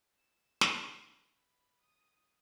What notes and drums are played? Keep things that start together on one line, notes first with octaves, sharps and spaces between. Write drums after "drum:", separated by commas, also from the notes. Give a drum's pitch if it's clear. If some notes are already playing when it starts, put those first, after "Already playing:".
E7
drum: snare
C7
B5
D#6